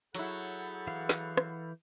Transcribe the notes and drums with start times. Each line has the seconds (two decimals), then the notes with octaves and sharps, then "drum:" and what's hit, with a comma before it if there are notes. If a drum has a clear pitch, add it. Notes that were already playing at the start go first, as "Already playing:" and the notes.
0.15 F#3 E4 G#4 A4 F#5 B5 G6, drum: hi-hat
0.87 E3 F5
1.09 drum: snare
1.37 drum: rim click